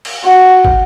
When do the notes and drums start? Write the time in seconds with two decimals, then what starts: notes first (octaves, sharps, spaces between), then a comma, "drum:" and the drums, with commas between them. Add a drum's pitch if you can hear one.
0.05 drum: cymbal
0.25 F#4
0.65 drum: kick